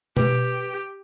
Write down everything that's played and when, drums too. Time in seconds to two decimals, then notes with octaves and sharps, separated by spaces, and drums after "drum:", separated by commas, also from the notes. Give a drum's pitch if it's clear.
0.17 G4 B4, drum: tom B2